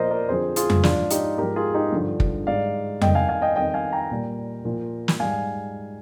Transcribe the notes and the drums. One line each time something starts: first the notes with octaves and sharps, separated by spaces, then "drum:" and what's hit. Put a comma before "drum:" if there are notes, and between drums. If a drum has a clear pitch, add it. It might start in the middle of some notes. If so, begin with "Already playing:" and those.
Already playing: A#2 F3 A#4 C5 D5 D#5
A#4 D5
F2 D3 F3 G#4 C5
F4 G#4, drum: hi-hat
drum: tom F2
G#2 F3 D4 F4, drum: snare
D#4 G4, drum: hi-hat
G#2 F3 G4 A#4
F4 G#4
D#4 G4
G2 D3 F3
drum: kick
G#2 G3 D5 F5
F2 D#3 G3 D#5 G5, drum: tom F2
F5 G#5
F5 G#5
D#5 G5
F2 D#3 G3 D#5 G5
F5 G#5
G5 A#5
A#2 G3
A#2 F3
drum: snare
G#2 G3 F5 G#5